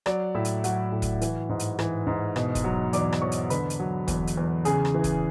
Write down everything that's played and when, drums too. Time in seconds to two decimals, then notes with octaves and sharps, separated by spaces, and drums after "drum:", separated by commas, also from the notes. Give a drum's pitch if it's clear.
0.06 F#3 D5, drum: rim click
0.35 A2 E4 E5
0.45 drum: hi-hat
0.64 F#3 F#4 F#5, drum: hi-hat
0.92 A2
1.02 drum: kick, hi-hat
1.21 E3, drum: hi-hat
1.49 G#2
1.59 drum: hi-hat
1.79 E3, drum: rim click
2.07 G#2
2.36 B2, drum: rim click
2.55 drum: kick, hi-hat
2.64 F#3
2.93 E2 D5 D6, drum: hi-hat
3.13 drum: rim click
3.22 E2 C#5 C#6
3.32 drum: hi-hat
3.50 D3 B4 B5, drum: hi-hat
3.70 drum: hi-hat
3.80 F#3
4.08 E2, drum: kick, hi-hat
4.27 drum: hi-hat
4.38 E2
4.65 C#3 G#4 G#5, drum: hi-hat
4.85 drum: rim click
4.94 E3
5.04 drum: kick, hi-hat